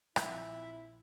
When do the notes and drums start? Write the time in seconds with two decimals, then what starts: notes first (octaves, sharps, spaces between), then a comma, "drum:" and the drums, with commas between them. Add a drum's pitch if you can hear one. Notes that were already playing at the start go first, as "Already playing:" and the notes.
0.16 A#1 F3 C4 E4 E5, drum: rim click